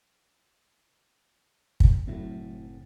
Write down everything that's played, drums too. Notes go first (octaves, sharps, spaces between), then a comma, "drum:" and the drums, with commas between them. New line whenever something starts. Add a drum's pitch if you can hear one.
drum: kick
F#1 A2 F#3 A3 C4 E4